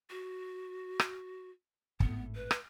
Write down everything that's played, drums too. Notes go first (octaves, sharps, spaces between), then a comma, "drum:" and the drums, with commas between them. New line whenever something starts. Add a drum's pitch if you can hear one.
F#4
drum: rim click
G#1 A2 B3, drum: kick
B4
drum: rim click